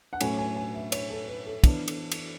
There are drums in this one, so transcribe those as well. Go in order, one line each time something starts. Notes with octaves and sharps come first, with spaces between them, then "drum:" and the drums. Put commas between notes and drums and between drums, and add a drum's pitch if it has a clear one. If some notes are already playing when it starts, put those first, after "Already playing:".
F#5
A2 F#3 A3 C#4 G#5, drum: cymbal
G#5
G#5
E5
C#5, drum: cymbal
A4
B4
A4
E3 B3 D4, drum: kick, cymbal
drum: cymbal
drum: cymbal